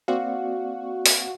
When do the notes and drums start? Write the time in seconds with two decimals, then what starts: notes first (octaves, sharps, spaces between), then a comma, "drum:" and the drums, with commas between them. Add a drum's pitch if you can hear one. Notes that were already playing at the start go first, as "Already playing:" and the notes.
0.08 A#3 C4 F#4 D5 F5 F#5
1.06 drum: open hi-hat